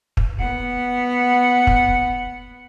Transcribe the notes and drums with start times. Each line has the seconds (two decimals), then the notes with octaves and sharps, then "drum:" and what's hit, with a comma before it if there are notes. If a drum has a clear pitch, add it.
0.17 drum: kick
0.38 B3 F#5
1.67 drum: kick